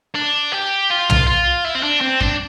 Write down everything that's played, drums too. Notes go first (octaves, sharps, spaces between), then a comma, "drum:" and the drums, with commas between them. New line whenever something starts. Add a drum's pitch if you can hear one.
D4
G4
F4
drum: tom
F4
E4
C4
D4
C4
D4, drum: kick F#2